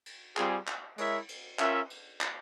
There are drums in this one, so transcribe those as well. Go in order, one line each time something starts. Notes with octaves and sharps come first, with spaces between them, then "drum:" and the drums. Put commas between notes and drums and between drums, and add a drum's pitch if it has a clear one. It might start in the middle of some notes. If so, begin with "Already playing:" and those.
drum: cymbal
G3 C4 F4 G#4, drum: clap
drum: clap
G#3 E4 A#4 C#5 E5, drum: cymbal
drum: cymbal
C#4 F4 A#4 E5, drum: clap
drum: cymbal
drum: clap